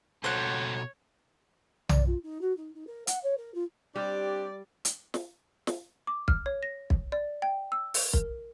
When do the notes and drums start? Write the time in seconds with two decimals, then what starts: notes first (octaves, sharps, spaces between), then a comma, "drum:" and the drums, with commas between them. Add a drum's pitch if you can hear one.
0.24 C#2 B2 G3 F#4 A4 C5 C#5 F#5
1.89 D5, drum: tom B1
2.06 F4
2.23 D#4
2.41 F#4
2.57 D#4
2.74 D#4
2.87 A#4
3.07 F#5, drum: hi-hat
3.23 C#5
3.37 A#4
3.54 F4
3.96 G3 C4 D4 G4 D5
4.85 drum: hi-hat
5.14 drum: snare
5.67 drum: snare
6.07 D6
6.28 F6, drum: kick
6.46 C#5
6.63 A#6
6.90 drum: kick
7.12 D5
7.42 G5
7.72 E6
7.94 drum: open hi-hat
8.13 A#4, drum: kick